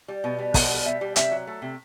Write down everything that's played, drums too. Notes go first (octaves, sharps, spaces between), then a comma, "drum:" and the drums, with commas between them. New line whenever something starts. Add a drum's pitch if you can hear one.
G3
B2
G3
B2 F#5, drum: kick, open hi-hat
G3
B2 E5
G3
C3 E5, drum: hi-hat
F#3
A3
C3